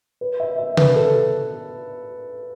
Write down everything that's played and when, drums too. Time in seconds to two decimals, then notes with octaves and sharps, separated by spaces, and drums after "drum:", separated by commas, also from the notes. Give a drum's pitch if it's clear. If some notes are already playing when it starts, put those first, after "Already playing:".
0.21 B4
0.40 E5
0.58 E5
0.77 B4, drum: tom C3
0.96 A4